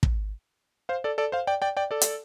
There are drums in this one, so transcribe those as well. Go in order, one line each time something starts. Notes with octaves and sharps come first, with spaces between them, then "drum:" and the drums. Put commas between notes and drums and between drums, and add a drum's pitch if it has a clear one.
drum: kick
C5 F5
A4 D5
A4 D5
C5 F5
D5 G5
D5 G5
D5 G5
A4 D5
drum: hi-hat